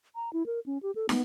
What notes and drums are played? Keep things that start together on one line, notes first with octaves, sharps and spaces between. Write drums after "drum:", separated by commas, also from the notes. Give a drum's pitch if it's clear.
A#5
E4
A#4
C#4
G4
A4
B3, drum: snare